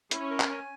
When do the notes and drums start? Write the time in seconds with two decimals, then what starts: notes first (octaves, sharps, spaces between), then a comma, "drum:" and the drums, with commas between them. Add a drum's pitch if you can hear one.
0.11 C#4 E4, drum: hi-hat
0.30 A#4
0.40 drum: clap
0.50 G#5